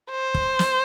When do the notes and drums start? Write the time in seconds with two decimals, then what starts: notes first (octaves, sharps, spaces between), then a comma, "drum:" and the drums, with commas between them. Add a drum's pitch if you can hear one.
0.11 C5
0.34 drum: kick
0.59 drum: snare